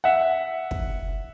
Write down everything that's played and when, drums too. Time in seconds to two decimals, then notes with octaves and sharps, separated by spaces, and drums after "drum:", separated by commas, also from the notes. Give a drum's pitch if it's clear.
0.04 E5 F#5
0.71 drum: kick